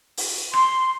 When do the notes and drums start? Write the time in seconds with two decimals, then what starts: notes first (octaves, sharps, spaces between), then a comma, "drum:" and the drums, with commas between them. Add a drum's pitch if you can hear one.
0.17 drum: open hi-hat
0.53 C6, drum: rim click